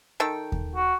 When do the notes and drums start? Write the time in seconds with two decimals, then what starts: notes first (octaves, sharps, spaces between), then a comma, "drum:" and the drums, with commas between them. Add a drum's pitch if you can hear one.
0.20 D#3 A4 G5
0.52 drum: kick D#2
0.76 F#4